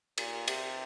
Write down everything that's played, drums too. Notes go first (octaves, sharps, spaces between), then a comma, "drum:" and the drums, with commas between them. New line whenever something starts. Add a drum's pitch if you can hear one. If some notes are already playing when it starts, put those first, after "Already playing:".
A#2, drum: cymbal
C3, drum: cymbal